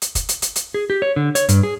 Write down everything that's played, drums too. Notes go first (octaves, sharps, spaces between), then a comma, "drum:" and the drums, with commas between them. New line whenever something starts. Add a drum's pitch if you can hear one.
drum: hi-hat
drum: kick, hi-hat
drum: hi-hat
drum: hi-hat
drum: hi-hat
G#4
G4
C#5
D3
C#5, drum: hi-hat
G2, drum: hi-hat
G#4